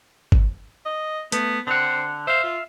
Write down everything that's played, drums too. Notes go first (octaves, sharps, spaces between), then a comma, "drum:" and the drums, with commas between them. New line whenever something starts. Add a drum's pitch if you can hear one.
drum: kick
D#5
A3 B3, drum: hi-hat
D3 C4 F#5
C5 E5 F5
F4